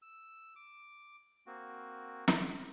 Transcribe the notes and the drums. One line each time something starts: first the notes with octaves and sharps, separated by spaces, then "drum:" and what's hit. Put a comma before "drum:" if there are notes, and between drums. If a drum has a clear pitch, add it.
E6
D6
A#3 C4 F#4
drum: snare